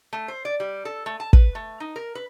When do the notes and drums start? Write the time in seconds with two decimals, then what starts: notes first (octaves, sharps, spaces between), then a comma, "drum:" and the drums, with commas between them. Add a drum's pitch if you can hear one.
0.13 A3
0.28 C5
0.45 D5
0.60 G3
0.85 A4
1.06 A3
1.20 A5
1.33 B4, drum: kick
1.55 A3
1.80 D#4
1.96 A#4
2.15 B4